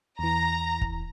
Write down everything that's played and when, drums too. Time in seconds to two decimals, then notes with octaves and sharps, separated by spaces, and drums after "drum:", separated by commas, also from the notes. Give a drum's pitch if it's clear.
0.19 E2 E3 A#5
0.81 drum: kick